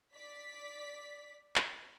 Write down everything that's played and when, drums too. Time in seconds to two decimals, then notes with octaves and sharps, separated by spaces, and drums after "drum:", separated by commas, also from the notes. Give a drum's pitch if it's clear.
0.14 D5 B6
1.56 drum: clap